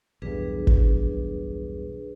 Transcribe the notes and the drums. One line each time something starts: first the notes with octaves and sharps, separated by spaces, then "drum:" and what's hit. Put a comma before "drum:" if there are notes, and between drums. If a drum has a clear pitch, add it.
B1 E2 G2 D4 G#4 B4
drum: kick G1